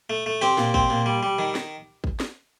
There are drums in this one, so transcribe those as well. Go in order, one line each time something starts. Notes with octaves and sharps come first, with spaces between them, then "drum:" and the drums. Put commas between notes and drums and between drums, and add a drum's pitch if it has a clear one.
A3
A3
C4 G4
A#2, drum: snare
C4, drum: kick
A#2
G3
G3
D#3
drum: snare
drum: kick
drum: snare